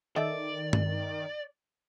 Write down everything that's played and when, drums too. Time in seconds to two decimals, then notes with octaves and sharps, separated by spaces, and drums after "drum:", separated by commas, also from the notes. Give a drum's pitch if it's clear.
0.16 D#3 D#4 A4 D5 E5
0.73 drum: tom G2